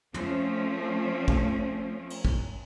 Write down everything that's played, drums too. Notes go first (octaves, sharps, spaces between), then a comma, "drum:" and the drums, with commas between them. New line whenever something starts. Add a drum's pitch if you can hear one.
F3 A3 C4 C#4, drum: tom
drum: kick
drum: cymbal
drum: kick